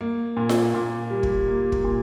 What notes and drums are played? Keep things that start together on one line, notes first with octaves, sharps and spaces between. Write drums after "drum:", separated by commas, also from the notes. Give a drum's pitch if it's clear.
A#3
A#2
drum: snare F4
A#2
G3
drum: kick
A#3
drum: kick
A#2